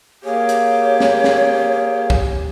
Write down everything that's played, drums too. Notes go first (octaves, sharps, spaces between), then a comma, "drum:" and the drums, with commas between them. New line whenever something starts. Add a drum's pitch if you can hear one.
A#3 G4 G#4 C#5
drum: hi-hat
drum: snare
drum: snare
drum: kick B1